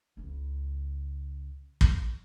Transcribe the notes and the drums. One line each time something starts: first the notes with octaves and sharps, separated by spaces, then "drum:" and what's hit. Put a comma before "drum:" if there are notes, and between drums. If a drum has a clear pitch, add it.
C#2 C#3
drum: kick